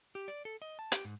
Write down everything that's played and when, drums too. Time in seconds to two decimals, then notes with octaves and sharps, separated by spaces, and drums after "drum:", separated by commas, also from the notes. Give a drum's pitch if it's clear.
0.15 G4
0.28 D5
0.45 A4
0.62 D#5
0.79 A5
0.92 G4, drum: hi-hat
1.05 G#2